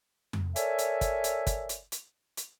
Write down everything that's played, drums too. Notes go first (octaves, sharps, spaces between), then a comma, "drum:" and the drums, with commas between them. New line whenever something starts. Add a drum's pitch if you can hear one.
drum: tom F2
A4 A#4 C#5 D5 E5 G#5, drum: hi-hat
drum: hi-hat
drum: kick, hi-hat
drum: hi-hat
drum: kick, hi-hat
drum: hi-hat
drum: hi-hat
drum: hi-hat